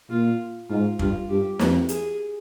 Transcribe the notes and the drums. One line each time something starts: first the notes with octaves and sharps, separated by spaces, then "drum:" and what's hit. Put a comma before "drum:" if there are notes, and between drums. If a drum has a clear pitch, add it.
A#2 F4
G#2 F4
G2 F4, drum: kick
G2 G4
F2, drum: snare
G#4, drum: hi-hat